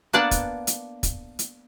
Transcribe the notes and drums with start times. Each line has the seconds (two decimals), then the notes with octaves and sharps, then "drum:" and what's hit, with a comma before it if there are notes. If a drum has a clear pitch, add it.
0.13 A#3 B3 D4 D5 F#5 A5
0.31 drum: kick, hi-hat
0.67 drum: hi-hat
1.03 drum: kick, hi-hat
1.39 drum: hi-hat